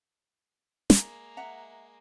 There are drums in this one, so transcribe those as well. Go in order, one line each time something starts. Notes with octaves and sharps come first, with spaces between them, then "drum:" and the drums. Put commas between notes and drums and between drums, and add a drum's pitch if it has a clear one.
G#3 A#3, drum: snare
E5 F#5 A#5